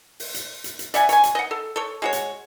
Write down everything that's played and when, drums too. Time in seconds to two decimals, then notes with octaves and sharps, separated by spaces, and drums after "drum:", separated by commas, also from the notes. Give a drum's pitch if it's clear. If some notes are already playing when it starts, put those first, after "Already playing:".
0.20 drum: open hi-hat
0.34 drum: hi-hat
0.64 drum: hi-hat
0.79 drum: hi-hat
0.94 D5 E5 F#5 G#5, drum: hi-hat
1.09 C#5 G#5, drum: hi-hat
1.23 drum: hi-hat
1.35 D#5 F#5
1.51 A4
1.76 A4 C#5
2.02 G#3 F#4 C#5
2.13 drum: hi-hat